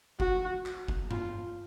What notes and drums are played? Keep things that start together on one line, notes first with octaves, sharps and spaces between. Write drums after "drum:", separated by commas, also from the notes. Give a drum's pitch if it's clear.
F#4, drum: kick F#1
drum: clap
drum: kick F#1
F4, drum: tom G2